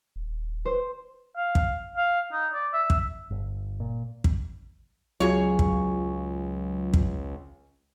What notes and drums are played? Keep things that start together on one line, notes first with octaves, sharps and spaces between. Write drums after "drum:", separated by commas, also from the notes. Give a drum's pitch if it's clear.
D#1
C5
F5
drum: kick
F5
D#4
D5
E5
drum: kick
G1
A#2
drum: kick
C#2 F#3 F4 G#4 C#5
drum: kick
drum: kick